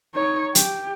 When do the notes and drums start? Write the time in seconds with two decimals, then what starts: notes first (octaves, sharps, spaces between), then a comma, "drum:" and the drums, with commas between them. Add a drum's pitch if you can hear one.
0.15 D#4 C#5
0.55 G4, drum: hi-hat